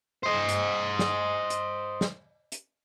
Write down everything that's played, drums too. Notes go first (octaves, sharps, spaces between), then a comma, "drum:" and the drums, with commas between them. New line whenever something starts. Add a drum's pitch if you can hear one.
C5 D#5
drum: hi-hat
drum: snare
drum: hi-hat
drum: snare
drum: hi-hat